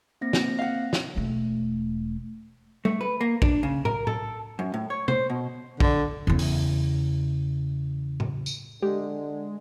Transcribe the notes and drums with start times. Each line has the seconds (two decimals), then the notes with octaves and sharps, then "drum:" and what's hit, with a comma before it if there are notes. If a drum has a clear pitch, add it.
0.21 A#3 C4 A#6
0.33 drum: snare
0.59 F5 F#5
0.93 drum: snare
1.16 E1 A3
2.85 A3, drum: tom
3.01 B4
3.21 A#3
3.42 D4, drum: kick
3.63 C#3
3.85 A#4, drum: tom
4.07 A4, drum: tom
4.59 F#2
4.74 A2
4.90 C#5
5.08 C5, drum: tom
5.30 B2
5.80 D3, drum: kick
6.27 E2 C#3
6.39 drum: open hi-hat
8.20 drum: tom
8.46 drum: tambourine
8.82 D3 G#3 G4